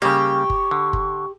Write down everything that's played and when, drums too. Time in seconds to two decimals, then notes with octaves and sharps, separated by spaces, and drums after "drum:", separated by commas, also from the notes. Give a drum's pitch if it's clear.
0.02 C#3 G3 A#3 G4 C#6
0.50 drum: kick
0.71 D3
0.93 drum: kick